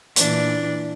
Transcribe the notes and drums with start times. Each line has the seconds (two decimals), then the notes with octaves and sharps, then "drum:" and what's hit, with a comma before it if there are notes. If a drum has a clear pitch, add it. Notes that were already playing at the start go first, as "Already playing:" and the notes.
0.16 A#2 E3 D4, drum: hi-hat